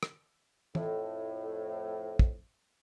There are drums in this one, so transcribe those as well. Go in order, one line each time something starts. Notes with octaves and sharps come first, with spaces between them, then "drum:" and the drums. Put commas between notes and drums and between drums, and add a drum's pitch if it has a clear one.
drum: rim click
F2 A2, drum: tom
drum: kick